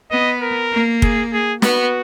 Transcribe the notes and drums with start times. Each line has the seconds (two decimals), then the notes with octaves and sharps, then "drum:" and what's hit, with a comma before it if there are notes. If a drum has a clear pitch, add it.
0.11 B3 D#5
0.41 A#4
0.72 A#3
1.02 G#4, drum: kick
1.32 G#4
1.62 B3 F#4, drum: snare